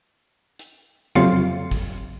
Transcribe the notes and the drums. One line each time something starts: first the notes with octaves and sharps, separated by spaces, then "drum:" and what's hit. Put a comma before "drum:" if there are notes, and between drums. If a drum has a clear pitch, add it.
drum: hi-hat
F2 C3 F#3 F4 F5 C#7, drum: tom C#3
drum: kick, hi-hat